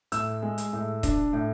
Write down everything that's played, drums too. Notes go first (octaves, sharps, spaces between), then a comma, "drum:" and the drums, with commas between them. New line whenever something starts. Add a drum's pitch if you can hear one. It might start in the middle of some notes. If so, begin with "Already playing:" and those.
A2 E6, drum: hi-hat
G#3
drum: hi-hat
A2
D4, drum: kick D#1, hi-hat
A2